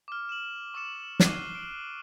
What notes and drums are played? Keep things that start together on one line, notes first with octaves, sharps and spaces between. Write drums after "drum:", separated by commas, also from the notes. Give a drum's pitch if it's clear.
D6 F6
E7 F#7
C#6 D6 E6 A6 C#7 E7
D6 F#6 C7 D#7 G7, drum: snare
D7